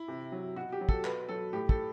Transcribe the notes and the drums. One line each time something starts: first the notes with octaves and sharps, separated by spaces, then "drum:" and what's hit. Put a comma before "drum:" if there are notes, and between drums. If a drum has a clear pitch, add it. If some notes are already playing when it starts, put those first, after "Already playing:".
Already playing: E4
C3
F#3
B2 F#4
G4
F#3
A4, drum: kick
B2 B4, drum: clap
F#3 A4
A2 G4
A4, drum: kick